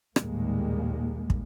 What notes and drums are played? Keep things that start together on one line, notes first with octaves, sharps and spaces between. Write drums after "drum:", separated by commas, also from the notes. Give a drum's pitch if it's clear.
A#1 D#2 A2 G3 G#3 A#3, drum: rim click
drum: kick